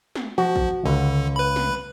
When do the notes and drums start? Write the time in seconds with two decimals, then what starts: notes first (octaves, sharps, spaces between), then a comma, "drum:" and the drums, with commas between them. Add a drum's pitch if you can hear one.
0.15 drum: snare
0.38 F3 F#4
0.56 drum: kick A1
0.85 C#2 D3
1.36 B4 B5
1.56 drum: snare